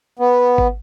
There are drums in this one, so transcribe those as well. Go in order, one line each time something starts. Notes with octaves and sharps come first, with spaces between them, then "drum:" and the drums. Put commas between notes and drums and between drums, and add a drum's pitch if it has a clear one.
B3
drum: kick G#1